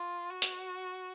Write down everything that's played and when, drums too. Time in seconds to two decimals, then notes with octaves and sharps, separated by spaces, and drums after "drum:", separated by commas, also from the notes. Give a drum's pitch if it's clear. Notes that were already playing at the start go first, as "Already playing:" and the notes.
Already playing: F4
0.29 F#4
0.42 drum: hi-hat